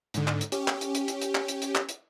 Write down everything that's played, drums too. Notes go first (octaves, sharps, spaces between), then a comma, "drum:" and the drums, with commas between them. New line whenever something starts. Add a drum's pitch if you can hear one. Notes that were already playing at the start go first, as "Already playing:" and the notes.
G#2 D3, drum: hi-hat
drum: clap
drum: hi-hat
C#4 G4, drum: hi-hat
drum: clap
drum: hi-hat
drum: hi-hat
drum: hi-hat
drum: hi-hat
drum: clap
drum: hi-hat
drum: hi-hat
drum: clap
drum: hi-hat